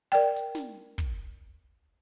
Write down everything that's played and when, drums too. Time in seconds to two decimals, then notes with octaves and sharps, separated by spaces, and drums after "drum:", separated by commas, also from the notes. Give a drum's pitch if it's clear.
0.12 A#4 D5 G5, drum: hi-hat
0.36 drum: hi-hat
0.55 drum: snare
0.98 drum: kick